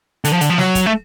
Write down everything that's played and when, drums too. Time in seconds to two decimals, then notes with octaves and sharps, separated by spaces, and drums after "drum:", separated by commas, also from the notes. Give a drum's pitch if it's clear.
0.24 D3, drum: hi-hat
0.33 F3
0.41 D3, drum: hi-hat
0.50 F3
0.58 F#3, drum: snare
0.75 drum: kick, hi-hat
0.86 A3